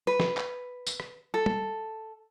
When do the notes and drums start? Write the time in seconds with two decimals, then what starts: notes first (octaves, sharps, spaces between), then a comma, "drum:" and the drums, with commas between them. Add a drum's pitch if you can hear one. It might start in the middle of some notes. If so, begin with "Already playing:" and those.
0.07 B4
0.20 drum: snare
0.37 drum: clap
0.87 drum: tambourine
1.00 drum: rim click
1.34 A4
1.46 drum: tom